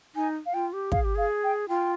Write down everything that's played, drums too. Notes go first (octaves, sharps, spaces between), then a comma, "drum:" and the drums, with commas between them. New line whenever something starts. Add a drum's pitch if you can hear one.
D#4 G#5
F5
F4 G5
G4
G#4 F5, drum: kick
G4
G#4 F5
G5
F4 G5